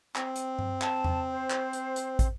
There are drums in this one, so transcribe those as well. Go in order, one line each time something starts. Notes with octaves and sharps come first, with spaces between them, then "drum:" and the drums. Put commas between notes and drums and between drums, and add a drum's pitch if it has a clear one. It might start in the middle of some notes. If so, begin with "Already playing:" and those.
C4, drum: clap
drum: hi-hat
drum: tom G2
A5, drum: clap
drum: tom E2
C5
drum: clap
drum: hi-hat
drum: hi-hat
drum: kick, hi-hat